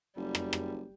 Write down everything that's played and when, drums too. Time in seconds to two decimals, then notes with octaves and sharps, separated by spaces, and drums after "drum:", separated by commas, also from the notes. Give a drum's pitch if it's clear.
0.17 F#1 G3
0.35 drum: rim click
0.53 drum: rim click